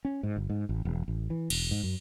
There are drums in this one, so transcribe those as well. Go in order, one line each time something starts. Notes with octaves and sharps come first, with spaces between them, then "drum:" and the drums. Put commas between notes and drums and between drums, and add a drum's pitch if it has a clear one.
C#4
G#2
G1
G#2
A1
E1
A1
E3
E1, drum: cymbal
G#2
F#2